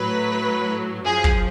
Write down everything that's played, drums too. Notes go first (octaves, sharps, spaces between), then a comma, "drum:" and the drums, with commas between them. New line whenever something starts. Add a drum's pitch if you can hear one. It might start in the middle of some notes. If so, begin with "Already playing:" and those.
Already playing: A2 F#3 B4
F#2 F3 G#4
drum: kick